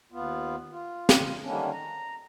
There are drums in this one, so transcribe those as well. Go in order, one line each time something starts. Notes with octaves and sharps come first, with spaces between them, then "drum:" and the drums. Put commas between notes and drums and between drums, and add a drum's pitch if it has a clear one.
D#2 B3 F4
F4
drum: snare
D3 D#3 G3 A#3 C#4 D4
A#5